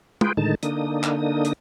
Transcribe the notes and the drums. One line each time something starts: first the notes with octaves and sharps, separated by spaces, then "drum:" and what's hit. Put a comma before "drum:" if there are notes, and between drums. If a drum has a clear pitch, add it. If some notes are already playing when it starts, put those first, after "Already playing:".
F4 G#4 B4 G5, drum: tom
A2 D3 D#3 G#3 D#4 A5
D3 A#3 D4 D#4 D#6, drum: hi-hat
drum: clap
drum: hi-hat